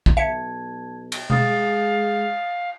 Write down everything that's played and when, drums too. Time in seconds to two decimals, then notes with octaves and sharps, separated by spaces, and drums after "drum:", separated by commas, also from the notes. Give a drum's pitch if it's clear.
0.06 drum: kick
0.17 B1 E5 A5 G#6 C#7
1.12 drum: cymbal
1.30 G#3 F5 D#6 A6, drum: tom B2